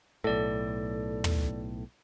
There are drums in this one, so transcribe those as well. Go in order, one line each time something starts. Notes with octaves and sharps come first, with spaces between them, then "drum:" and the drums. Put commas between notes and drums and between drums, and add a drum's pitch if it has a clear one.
B1 A2 A4 D5
drum: tom